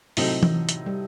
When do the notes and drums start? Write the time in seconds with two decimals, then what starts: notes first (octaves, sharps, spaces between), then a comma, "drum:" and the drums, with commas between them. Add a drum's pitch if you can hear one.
0.17 A2 C3 F#3 C4 D#4 A4, drum: open hi-hat
0.43 drum: tom E3
0.69 drum: hi-hat
0.86 G3